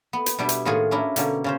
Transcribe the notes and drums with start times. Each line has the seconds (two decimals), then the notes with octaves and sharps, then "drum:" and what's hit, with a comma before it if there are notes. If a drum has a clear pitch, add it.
0.13 B3
0.26 drum: hi-hat
0.39 B2 G3 D4 E4 G4
0.49 drum: hi-hat
0.65 A2 D#3 F4 F#4 G#4 G#5
0.91 C#4 D4 E4 A#4
1.16 B2 D3 A#3 C#4, drum: hi-hat
1.44 C#3 C#4 C5